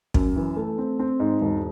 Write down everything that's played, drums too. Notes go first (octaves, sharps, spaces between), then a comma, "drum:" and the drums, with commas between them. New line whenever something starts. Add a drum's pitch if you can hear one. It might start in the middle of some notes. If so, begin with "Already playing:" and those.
F#2, drum: kick
E3
A3
C4
C4
G#2
E1